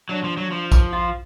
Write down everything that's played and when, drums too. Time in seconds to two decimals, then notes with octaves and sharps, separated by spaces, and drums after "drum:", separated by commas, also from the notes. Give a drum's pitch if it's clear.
0.09 F#3 D4
0.24 F3
0.37 F#3
0.51 F3
0.72 drum: kick A#1, tambourine
0.93 F4